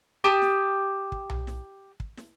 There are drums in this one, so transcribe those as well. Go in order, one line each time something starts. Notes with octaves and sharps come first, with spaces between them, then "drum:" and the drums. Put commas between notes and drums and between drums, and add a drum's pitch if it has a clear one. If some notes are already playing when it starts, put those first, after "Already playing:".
G4 A5 D#6
drum: snare
drum: kick
drum: tom B1
drum: snare
drum: kick
drum: snare